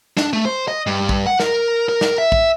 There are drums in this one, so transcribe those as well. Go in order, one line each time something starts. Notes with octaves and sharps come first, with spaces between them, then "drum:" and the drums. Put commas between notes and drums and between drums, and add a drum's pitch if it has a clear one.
D4, drum: snare
A3
C5
D#5
G2
drum: kick
F#5
A#4, drum: snare
A#4
drum: snare
E5
drum: kick